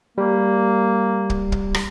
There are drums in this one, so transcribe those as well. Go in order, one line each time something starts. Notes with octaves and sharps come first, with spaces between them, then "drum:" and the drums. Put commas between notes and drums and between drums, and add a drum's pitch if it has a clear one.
G3 A#3
drum: kick
drum: kick
drum: rim click